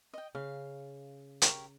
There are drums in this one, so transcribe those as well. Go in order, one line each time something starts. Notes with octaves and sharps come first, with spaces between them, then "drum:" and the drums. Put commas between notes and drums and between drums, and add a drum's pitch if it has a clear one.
D#5 G5
C#3 F5
G4 A#4 C#5, drum: hi-hat